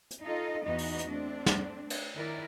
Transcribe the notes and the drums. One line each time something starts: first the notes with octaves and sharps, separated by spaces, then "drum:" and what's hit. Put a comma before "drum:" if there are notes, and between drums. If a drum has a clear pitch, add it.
drum: hi-hat
D#4 F4 A4 D#5
E2 E3 B3 D#4 F#4 D#5
drum: open hi-hat
drum: hi-hat
A3 C4 D4
drum: snare
drum: cymbal
D#3 E4 A#4 D5